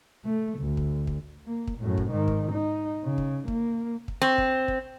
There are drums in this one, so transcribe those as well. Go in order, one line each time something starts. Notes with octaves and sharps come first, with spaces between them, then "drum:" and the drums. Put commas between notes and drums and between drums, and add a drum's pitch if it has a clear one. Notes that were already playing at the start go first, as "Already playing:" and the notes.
A3
D2
drum: kick
drum: kick
A#3
drum: kick
F#2 A2
drum: kick
G#2 D#3
drum: kick
D#4
C#3
drum: kick
A#3, drum: kick
drum: kick
C4
drum: kick
drum: kick